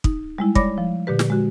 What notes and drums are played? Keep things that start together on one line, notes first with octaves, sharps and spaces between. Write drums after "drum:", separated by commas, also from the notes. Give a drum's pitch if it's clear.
D#4, drum: kick
G3 G#3 E4
C#5 D5 B5 D6 A#6, drum: kick
F3
A#2 D3 G4 B4
drum: snare
G#3 F#4